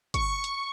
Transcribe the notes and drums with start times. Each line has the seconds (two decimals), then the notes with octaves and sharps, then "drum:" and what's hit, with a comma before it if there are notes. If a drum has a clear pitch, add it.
0.14 C#6, drum: kick, hi-hat
0.44 drum: hi-hat